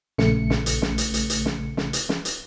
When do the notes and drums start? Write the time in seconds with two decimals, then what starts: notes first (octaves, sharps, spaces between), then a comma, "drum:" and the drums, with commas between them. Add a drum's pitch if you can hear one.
0.18 A#1 C#3 A3 C#7, drum: snare
0.50 drum: snare
0.66 drum: hi-hat
0.82 drum: snare
0.98 drum: hi-hat
1.14 drum: hi-hat
1.30 drum: hi-hat
1.46 drum: snare
1.77 drum: snare
1.93 drum: hi-hat
2.09 drum: snare
2.25 drum: hi-hat